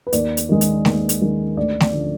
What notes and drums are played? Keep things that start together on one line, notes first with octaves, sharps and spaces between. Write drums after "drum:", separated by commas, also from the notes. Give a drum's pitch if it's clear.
B4
D#2 D5, drum: hi-hat
drum: hi-hat
D#3 G#3
drum: hi-hat
D#2, drum: snare A3
drum: hi-hat
D#3 G#3
D2 D5
D5, drum: snare A3
D3 F3